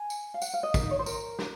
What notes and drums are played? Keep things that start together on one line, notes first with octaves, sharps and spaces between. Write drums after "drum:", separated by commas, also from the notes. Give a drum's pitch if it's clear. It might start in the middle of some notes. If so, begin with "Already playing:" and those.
Already playing: G#5
drum: tambourine
F5
F#5, drum: tambourine
F5
D#5
A#4, drum: kick, tambourine
D#4
C#5
C5
A#4, drum: tambourine
drum: snare